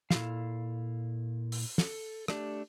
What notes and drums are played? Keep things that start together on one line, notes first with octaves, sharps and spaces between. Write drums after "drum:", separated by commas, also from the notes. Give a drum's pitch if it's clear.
A#2 E4 A4 F5, drum: snare
drum: open hi-hat
A4, drum: snare
A3 D4 G4, drum: rim click